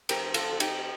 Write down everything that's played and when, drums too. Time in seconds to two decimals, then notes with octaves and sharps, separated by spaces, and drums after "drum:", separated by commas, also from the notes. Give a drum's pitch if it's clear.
0.09 F2 D#3 A3 C4 G4 A#4, drum: cymbal
0.34 F4 A4, drum: cymbal
0.53 A4
0.60 D#4 G4, drum: cymbal